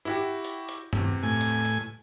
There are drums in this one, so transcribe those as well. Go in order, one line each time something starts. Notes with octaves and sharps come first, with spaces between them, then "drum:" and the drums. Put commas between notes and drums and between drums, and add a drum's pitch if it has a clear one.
E4 F#4 G4
drum: hi-hat
drum: hi-hat
E2 C3, drum: tom G2
A2 G#5
drum: hi-hat
drum: hi-hat